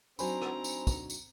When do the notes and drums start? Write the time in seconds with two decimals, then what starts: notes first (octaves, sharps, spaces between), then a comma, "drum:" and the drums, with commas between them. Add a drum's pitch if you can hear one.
0.19 F#3 C4 D4 D#4 C5 G#5 A#5 B5, drum: tambourine
0.42 drum: rim click
0.64 drum: tambourine
0.87 drum: kick, tambourine
1.10 drum: tambourine